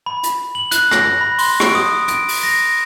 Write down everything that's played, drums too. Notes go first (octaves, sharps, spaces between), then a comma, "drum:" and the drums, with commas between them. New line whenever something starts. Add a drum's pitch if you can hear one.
B5
drum: hi-hat
F#7
F#6, drum: hi-hat
A#6, drum: rim click
B5
C6, drum: open hi-hat
D7, drum: rim click
D#6
D7, drum: hi-hat
drum: open hi-hat
A#6